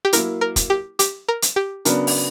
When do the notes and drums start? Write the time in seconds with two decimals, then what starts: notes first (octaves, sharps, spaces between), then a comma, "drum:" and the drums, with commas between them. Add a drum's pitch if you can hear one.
0.05 G4
0.13 F#3 A#3 E4 A#4, drum: hi-hat
0.41 A#4
0.56 drum: kick, hi-hat
0.70 G4
0.99 G4, drum: hi-hat
1.28 A#4
1.42 drum: hi-hat
1.56 G4
1.85 C#3 F#3 B3 D4 A#4, drum: hi-hat
2.07 drum: open hi-hat